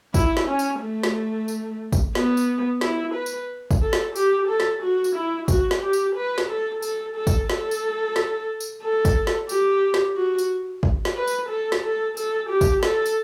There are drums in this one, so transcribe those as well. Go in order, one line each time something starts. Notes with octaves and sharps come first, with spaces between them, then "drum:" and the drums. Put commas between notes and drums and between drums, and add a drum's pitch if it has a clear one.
E4, drum: kick, tambourine
drum: snare
C#4
drum: tambourine
A3
drum: snare
drum: tambourine
drum: kick, tambourine
B3, drum: snare
drum: tambourine
E4, drum: snare
B4
drum: tambourine
drum: kick, tambourine
A4
drum: snare
G4, drum: tambourine
A4
drum: snare
F#4
drum: tambourine
E4
F#4, drum: kick, tambourine
drum: snare
G4
drum: tambourine
B4
drum: snare
A4
A4, drum: tambourine
A4
drum: kick, tambourine
A4, drum: snare
drum: tambourine
drum: snare
drum: tambourine
A4
drum: kick, tambourine
drum: snare
G4, drum: tambourine
drum: snare
F#4
drum: tambourine
drum: kick
drum: snare
B4
drum: tambourine
A4
drum: snare
A4
A4, drum: tambourine
G4
drum: kick, tambourine
A4, drum: snare
drum: tambourine